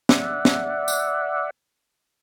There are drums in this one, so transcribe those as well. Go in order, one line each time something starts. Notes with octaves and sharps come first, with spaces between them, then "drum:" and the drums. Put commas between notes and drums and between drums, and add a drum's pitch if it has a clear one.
D5 E5 F#5, drum: snare
drum: snare
drum: tambourine